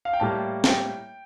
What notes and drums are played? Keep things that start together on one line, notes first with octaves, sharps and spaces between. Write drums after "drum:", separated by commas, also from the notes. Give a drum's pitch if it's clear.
F5
G5
A2 G3 A#3 A5
G5, drum: snare